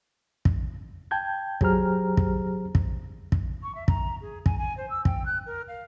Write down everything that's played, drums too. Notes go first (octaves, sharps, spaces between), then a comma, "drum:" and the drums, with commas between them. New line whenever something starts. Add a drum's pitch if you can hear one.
drum: kick
G5 A5 G6 G#6
F#3 G4 G#4 C5 A#5 F6, drum: kick
drum: kick
drum: kick
drum: kick
C#6
E5
A#5, drum: kick
G#4
G#5, drum: kick
G#5
C5
E6
G5, drum: kick
F#6
A#4
F5